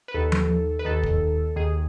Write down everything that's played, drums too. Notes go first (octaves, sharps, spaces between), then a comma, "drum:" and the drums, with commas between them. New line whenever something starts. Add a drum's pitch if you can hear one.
B4
D#2 D#3 A4
drum: tom F3
B4
D#2 D#3 A4
drum: kick
D#2 D#3 G#4